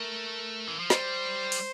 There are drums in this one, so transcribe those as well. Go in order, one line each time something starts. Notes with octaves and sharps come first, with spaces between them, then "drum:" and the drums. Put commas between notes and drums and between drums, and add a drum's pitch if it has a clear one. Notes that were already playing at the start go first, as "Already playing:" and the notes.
Already playing: A3 A#4
E3
F3
G3 C5, drum: snare
drum: open hi-hat